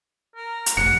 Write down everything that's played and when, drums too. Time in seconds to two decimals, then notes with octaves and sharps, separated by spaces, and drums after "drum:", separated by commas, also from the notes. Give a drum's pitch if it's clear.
0.36 A#4
0.66 drum: hi-hat
0.77 F1 F#5 C#7